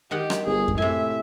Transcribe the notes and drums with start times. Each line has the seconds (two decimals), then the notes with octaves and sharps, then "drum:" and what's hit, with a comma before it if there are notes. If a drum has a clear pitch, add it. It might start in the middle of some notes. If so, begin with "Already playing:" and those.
0.11 D#3 G4 D#5 F#5
0.30 drum: rim click
0.46 G1 G#4
0.68 drum: kick F#2
0.78 A2 C3 E5 G#5